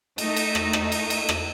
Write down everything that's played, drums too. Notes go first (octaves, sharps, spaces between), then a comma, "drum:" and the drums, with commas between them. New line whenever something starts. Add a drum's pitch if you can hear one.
A3 D#4, drum: cymbal
drum: cymbal
drum: rim click
drum: rim click
drum: cymbal
drum: cymbal
drum: rim click